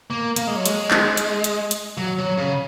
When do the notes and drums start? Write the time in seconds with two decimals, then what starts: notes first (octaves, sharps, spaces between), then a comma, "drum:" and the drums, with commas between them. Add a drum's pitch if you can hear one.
0.10 A#3
0.36 A#3, drum: hi-hat
0.47 G#3
0.56 F#3
0.66 G#3, drum: hi-hat
0.91 drum: clap
1.17 drum: hi-hat
1.44 drum: hi-hat
1.71 drum: hi-hat
1.97 F#3
2.18 F#3
2.37 C#3